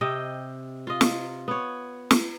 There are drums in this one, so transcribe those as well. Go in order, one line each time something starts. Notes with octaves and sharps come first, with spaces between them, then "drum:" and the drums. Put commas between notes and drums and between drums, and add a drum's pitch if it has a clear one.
C3 D#5 G5
F4 D#5
drum: snare
B3 C#5
drum: snare